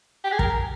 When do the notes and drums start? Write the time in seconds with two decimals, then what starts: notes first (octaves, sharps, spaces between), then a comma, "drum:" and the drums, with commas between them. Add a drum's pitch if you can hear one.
0.24 G4
0.32 G#4
0.39 A#4, drum: kick